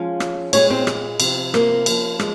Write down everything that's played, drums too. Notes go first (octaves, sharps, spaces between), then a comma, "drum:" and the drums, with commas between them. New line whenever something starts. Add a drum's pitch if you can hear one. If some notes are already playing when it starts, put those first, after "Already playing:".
Already playing: F3 G#3 C#4 F4 F5
drum: rim click
A#2 G#3 C4 C#4 C#5, drum: cymbal
C4 C5
drum: rim click
C3 F3 C4, drum: cymbal
A#3 A#4, drum: rim click
F3 A#3 C#4, drum: cymbal
G#3, drum: rim click